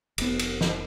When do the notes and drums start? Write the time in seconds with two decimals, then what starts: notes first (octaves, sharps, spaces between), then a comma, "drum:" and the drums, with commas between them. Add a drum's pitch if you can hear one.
0.18 F1 B3, drum: cymbal
0.39 drum: cymbal
0.61 drum: snare